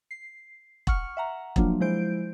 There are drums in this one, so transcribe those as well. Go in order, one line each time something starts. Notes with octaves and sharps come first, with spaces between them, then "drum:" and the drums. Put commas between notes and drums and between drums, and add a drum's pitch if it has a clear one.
C7
F#5 C#6 F6 C#7, drum: kick E1
E5 F#5 A#5
F3 F#3 A#3 D4 F4, drum: kick E1
F3 G#3 E4 C5 G6 D7